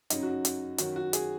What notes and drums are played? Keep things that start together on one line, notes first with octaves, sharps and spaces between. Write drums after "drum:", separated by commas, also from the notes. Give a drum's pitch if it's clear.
F#2 C#3 F#3 D#4, drum: hi-hat
F#4
drum: hi-hat
F#2 D#3 F#3 F#4, drum: hi-hat
F#4
G#4, drum: hi-hat